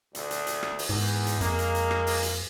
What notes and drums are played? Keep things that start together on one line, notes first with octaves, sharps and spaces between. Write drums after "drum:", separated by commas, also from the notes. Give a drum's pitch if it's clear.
D2, drum: hi-hat
drum: hi-hat
drum: hi-hat
drum: rim click
drum: open hi-hat
E2 G#2
drum: hi-hat
F2 G#3 A#3, drum: hi-hat
drum: hi-hat
drum: hi-hat
drum: rim click
drum: open hi-hat
drum: hi-hat